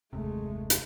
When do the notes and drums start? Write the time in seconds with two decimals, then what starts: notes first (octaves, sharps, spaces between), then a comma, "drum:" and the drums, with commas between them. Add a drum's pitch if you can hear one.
0.13 F#1 D#2 C3 G#3 A3
0.70 drum: hi-hat